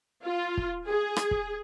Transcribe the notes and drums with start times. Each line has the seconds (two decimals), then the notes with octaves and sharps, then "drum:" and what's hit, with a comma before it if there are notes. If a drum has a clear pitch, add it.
0.25 F4
0.57 drum: kick
0.87 G#4
1.16 drum: rim click
1.31 drum: kick